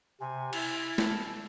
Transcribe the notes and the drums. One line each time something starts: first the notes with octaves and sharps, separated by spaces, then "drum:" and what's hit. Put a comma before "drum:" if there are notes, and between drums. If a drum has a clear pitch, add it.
C3 G#5
E4, drum: cymbal
A5, drum: snare